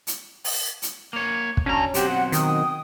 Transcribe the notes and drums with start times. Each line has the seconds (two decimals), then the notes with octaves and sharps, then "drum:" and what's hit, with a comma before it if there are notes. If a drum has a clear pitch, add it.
0.07 drum: hi-hat
0.44 drum: open hi-hat
0.82 drum: hi-hat
1.13 A#3 C#5
1.57 drum: kick
1.66 D3 C#4 D4 F#4 A5 A#5
1.94 B1 C4 F#4 G4, drum: hi-hat
2.09 F#5
2.32 D#3 G5 D#6, drum: hi-hat